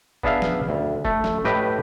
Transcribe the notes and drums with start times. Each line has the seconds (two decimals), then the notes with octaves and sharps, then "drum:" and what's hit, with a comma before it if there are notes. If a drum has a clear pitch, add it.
0.23 B3 D4 G#4 E5 F5, drum: kick
0.42 drum: snare
0.69 D2
1.05 A3, drum: kick
1.24 drum: snare
1.45 A2 G4 B4 D#5